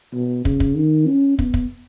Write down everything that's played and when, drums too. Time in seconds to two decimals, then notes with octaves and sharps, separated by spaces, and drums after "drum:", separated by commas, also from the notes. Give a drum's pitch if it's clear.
0.13 B2
0.45 C#3, drum: kick
0.60 drum: kick
0.76 D#3
1.07 C#4
1.39 B3, drum: kick
1.54 drum: kick